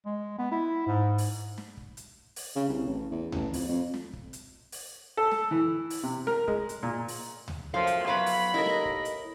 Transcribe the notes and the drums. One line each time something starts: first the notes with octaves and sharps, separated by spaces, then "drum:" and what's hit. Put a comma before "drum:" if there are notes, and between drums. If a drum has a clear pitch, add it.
G#3
B3
E4
G#2
drum: open hi-hat
drum: snare
drum: kick
drum: hi-hat
drum: open hi-hat
C#3
C2
A1
E2
A1, drum: tom D2
F2, drum: open hi-hat
F2
drum: snare
drum: kick
drum: hi-hat
drum: open hi-hat
A4
drum: snare
E3
drum: open hi-hat
C3
A#4, drum: snare
G#3, drum: kick
drum: hi-hat
A#2
drum: open hi-hat
drum: tom D2
F#2 A2 F3 F5 C6
drum: hi-hat
F#3 B3 F5 B5
drum: open hi-hat
D#2 A3 E4 A#4 D#5
drum: snare
drum: kick
drum: hi-hat